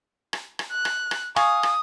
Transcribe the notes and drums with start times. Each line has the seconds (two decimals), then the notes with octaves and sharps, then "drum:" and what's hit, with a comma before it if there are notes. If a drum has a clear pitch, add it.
0.33 drum: rim click
0.59 drum: rim click
0.72 F#6
0.85 drum: rim click
1.11 drum: rim click
1.36 F5 G#5 C#6 D#6, drum: rim click
1.63 drum: rim click